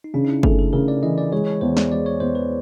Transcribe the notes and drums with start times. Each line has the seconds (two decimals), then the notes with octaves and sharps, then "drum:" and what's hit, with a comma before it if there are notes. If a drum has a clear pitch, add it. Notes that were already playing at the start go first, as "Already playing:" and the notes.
0.04 D#4
0.14 C#3 D4
0.24 D#4
0.30 E4
0.43 A3 G#4, drum: kick
0.59 A4
0.73 C#3 A#4
0.88 D5
1.03 E3 D#5
1.18 D5
1.32 G#3 C#5
1.46 C#5
1.61 E2 C5
1.77 D5, drum: snare
1.91 G#3 D5
2.06 C#5
2.20 E2 C5
2.35 B4